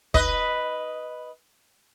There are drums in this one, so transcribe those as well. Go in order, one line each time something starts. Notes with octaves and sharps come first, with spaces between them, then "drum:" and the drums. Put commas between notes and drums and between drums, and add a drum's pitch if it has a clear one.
B4 D#5, drum: kick